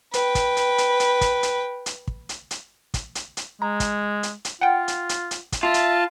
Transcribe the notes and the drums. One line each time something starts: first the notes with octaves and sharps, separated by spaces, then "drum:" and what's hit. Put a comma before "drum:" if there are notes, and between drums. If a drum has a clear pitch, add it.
B4 G5, drum: hi-hat
drum: kick, hi-hat
drum: hi-hat
drum: hi-hat
drum: hi-hat
drum: kick, hi-hat
drum: hi-hat
drum: hi-hat
drum: kick
drum: hi-hat
drum: hi-hat
drum: kick, hi-hat
drum: hi-hat
drum: hi-hat
G#3 A#5
drum: kick, hi-hat
drum: hi-hat
drum: hi-hat
F4 F#5 G5
drum: hi-hat
drum: hi-hat
drum: hi-hat
drum: kick, hi-hat
F4 E5 A5
drum: hi-hat